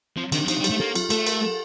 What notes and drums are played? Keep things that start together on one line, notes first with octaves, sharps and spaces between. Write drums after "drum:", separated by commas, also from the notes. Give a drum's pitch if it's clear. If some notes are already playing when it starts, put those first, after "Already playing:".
F3 C4
D#3 D4, drum: cymbal
F3 D#4, drum: cymbal
G3
G4, drum: cymbal
A3
A#3 A4
F4, drum: cymbal
A3 A4, drum: cymbal
A#4, drum: cymbal
A4